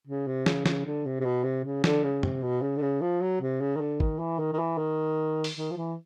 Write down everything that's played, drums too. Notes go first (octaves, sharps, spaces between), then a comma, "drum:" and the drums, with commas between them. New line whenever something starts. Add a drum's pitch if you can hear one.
C#3
C3
C#3, drum: snare
C#3, drum: snare
D3
C3
C3
B2
C3
C#3
D3, drum: snare
C#3
C3, drum: tom
B2
C#3
D3
C#3
F3
F#3
C3
C#3
D#3
D3
D#3, drum: kick
E3
D#3
D#3
E3
D#3
drum: open hi-hat
D#3
F3
E3